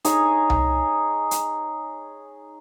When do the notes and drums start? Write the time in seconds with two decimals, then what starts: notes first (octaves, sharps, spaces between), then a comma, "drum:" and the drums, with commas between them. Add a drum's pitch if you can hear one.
0.05 D#4 G#4 C#5, drum: hi-hat
0.50 drum: tom C2
1.31 drum: hi-hat